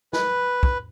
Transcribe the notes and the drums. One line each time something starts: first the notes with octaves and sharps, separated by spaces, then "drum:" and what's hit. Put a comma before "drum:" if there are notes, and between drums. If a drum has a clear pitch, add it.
B4, drum: snare
drum: kick